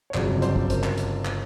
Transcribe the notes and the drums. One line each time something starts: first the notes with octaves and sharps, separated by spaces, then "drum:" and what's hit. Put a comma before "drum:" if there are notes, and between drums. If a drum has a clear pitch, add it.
C#5
G1 F2 C#3 F#3 C5 D5, drum: clap
C5 D5, drum: hi-hat
drum: kick
A#4 C5, drum: hi-hat
drum: clap
drum: hi-hat
drum: clap